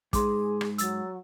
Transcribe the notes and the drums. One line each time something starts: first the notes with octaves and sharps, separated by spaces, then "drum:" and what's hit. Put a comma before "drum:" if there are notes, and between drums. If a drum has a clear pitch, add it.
G#2 G#4 C6 D6, drum: kick, hi-hat
drum: rim click
F#3 E6 A6, drum: hi-hat